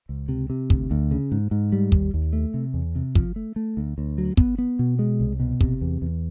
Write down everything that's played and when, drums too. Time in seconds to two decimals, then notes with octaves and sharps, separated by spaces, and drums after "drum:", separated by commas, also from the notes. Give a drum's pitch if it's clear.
0.09 C#2
0.29 C3
0.50 C3
0.70 D2, drum: kick
0.91 D2
1.11 C#3
1.32 G#2
1.51 G#2
1.72 G3
1.92 D#2, drum: kick
2.14 D#2
2.33 A3
2.54 C3
2.74 E2
2.95 C3
3.15 F3, drum: kick
3.36 A3
3.56 A3
3.77 D2
3.98 D2
4.18 F#3
4.37 B3, drum: kick
4.58 B3
4.79 B2
4.99 G#3
5.20 C2
5.40 B2
5.61 C3, drum: kick
5.81 E2
6.02 E2